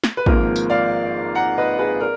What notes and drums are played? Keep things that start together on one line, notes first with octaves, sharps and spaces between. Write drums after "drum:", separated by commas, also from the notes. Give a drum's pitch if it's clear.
drum: snare
B4
G#1 G#2 F3 A#3 A#4, drum: kick
drum: tambourine
D5 F5
F#5 A#5
B4 D#5
G#4 B4
A#4 D5